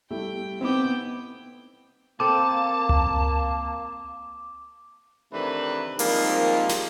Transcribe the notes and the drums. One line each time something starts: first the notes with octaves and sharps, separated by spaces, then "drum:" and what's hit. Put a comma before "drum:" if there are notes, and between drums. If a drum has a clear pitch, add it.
G3 A3 E4 G5
B3 C4 D#4 E4 G5 D6
A#3 C4 A4 A5 D6
drum: tom C#2
C3 D#3 E3 A3 D4 B4
D#3 F3 G3 G#3 A#3 C4, drum: open hi-hat
drum: snare